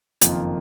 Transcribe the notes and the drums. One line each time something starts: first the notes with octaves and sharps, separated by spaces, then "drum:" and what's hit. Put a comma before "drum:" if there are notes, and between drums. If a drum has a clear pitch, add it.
F#1 F2 D#3 A#3 F4, drum: hi-hat